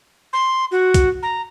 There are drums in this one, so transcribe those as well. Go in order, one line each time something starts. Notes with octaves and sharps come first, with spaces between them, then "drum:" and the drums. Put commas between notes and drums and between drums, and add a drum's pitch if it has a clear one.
C6
F#4
drum: kick C2, hi-hat
A#5